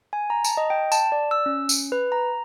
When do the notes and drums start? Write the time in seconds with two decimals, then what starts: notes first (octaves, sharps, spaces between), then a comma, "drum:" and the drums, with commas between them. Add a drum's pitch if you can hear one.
0.13 G#5
0.30 A#5
0.44 A5, drum: tambourine
0.57 D#5
0.70 G5
0.92 A5, drum: tambourine
1.12 D5
1.31 E6
1.46 C#4
1.69 drum: tambourine
1.92 B4
2.12 A#5